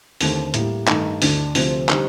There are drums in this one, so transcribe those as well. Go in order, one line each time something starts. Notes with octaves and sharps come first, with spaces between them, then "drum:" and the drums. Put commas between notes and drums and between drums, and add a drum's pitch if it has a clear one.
D#2 D3 A3 C4, drum: open hi-hat
A2 G3 A#3, drum: hi-hat
G2 D#3 A3 D#4, drum: clap
D2 D3 A3 D4, drum: open hi-hat
D2 C3 F3 A3 C4, drum: open hi-hat
D3 G3 C4 D#4, drum: clap